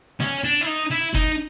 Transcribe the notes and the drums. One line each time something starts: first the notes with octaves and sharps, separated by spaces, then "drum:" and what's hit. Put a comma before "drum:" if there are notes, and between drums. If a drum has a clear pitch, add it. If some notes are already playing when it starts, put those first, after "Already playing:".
C#4, drum: snare
D4
E4
D#4
E4
D#4, drum: kick